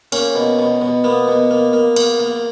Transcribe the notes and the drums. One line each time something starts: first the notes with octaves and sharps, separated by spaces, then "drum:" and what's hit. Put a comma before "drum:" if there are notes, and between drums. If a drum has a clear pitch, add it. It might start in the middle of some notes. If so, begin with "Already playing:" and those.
A#3 C#4, drum: cymbal
B2
B2
B2
A#3 B3
B2
A#3
A#3
A#3, drum: cymbal
A#3